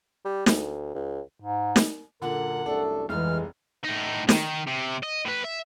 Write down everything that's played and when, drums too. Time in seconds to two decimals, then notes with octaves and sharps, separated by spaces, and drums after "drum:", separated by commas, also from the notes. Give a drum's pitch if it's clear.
0.25 G3
0.46 D2, drum: snare
0.95 C#2
1.40 G#2
1.76 drum: snare
2.22 F#2 A#2 D3 A4 A#4 F#5
2.66 C2 F#2 A3 D4 A4
3.09 F1 C2 G2 E3 G#3 F6
3.85 A2 D#4
4.29 D#3, drum: snare
4.67 C3
5.03 D#5
5.25 A2 B4
5.44 E5